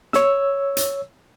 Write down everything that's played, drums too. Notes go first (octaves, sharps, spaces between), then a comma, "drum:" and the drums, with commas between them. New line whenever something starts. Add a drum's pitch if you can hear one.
C#5 E6, drum: snare
drum: hi-hat